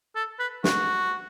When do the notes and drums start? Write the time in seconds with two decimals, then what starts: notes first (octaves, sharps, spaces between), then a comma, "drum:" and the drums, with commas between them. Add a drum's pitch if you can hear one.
0.16 A4
0.39 B4
0.64 F#4, drum: snare